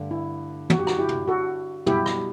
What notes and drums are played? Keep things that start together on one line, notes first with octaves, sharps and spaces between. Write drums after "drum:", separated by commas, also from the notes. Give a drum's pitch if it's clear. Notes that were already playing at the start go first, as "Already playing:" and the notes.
Already playing: G2 D3 A3
E4
F#4, drum: tom
G4
F#4, drum: rim click
E4 G4
drum: tom
F#4 A4
B2 G3 B3 E4 G4, drum: tom
drum: rim click